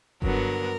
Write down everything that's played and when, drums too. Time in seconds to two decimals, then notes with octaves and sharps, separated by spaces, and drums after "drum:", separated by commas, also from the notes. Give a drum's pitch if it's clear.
0.22 G2 D3 F#3 B3 A#4, drum: kick F#1